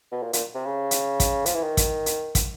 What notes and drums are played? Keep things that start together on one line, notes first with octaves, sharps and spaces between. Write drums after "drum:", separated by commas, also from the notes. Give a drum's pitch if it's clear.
B2
A#2
A#2, drum: hi-hat
C3
C#3
drum: hi-hat
drum: kick, hi-hat
F3, drum: hi-hat
E3
D#3
drum: kick, hi-hat
drum: hi-hat
drum: kick, hi-hat